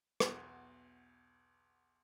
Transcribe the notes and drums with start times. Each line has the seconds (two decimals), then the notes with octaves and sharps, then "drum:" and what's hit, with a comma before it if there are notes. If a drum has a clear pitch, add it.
0.20 B1 E2 F#4, drum: rim click